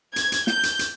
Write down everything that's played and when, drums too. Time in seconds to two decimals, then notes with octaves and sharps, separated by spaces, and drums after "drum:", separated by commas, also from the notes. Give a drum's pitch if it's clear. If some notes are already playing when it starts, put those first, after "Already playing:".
0.16 G#6, drum: hi-hat
0.32 drum: hi-hat
0.47 G6, drum: snare
0.63 drum: hi-hat
0.79 drum: hi-hat